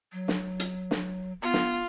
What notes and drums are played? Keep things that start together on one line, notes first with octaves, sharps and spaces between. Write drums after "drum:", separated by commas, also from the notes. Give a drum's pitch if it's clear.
F#3
drum: snare
drum: hi-hat
drum: snare
B3 F4
drum: snare